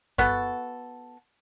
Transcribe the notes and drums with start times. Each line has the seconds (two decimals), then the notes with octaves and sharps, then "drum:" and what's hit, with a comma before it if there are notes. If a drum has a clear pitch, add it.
0.18 B3 F#4 A4, drum: kick F#2